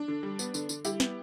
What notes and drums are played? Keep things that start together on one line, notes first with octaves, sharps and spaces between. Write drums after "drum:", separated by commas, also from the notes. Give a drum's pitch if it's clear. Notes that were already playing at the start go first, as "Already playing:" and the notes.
Already playing: D4
D3
G3
B3, drum: tambourine
D3, drum: tambourine
D3, drum: tambourine
G3 E4 G4, drum: tambourine
B3, drum: snare